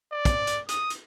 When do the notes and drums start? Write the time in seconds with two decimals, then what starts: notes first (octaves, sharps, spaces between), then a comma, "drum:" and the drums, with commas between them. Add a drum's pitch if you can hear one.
0.12 D5
0.25 drum: kick, hi-hat
0.47 drum: hi-hat
0.69 D#6, drum: hi-hat
0.90 drum: hi-hat